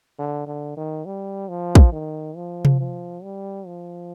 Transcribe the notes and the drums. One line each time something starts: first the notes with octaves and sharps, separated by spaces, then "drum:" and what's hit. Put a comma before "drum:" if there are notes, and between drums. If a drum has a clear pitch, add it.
D3
D3
D#3
G3
F3
drum: kick
D#3
F3
drum: tom C3
F3
G3
F3